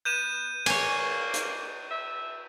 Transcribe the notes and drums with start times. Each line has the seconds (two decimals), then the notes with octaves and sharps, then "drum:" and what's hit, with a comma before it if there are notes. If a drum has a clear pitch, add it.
0.05 B3 G6 D#7 E7
0.66 A#3 C#5 G#5, drum: cymbal
1.34 drum: hi-hat
1.91 E5